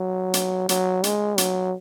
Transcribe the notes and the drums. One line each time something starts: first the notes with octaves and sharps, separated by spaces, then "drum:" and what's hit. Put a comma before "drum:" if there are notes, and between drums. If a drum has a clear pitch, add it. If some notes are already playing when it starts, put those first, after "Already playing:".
Already playing: F#3
drum: hi-hat
F#3, drum: hi-hat
G#3, drum: hi-hat
F#3, drum: hi-hat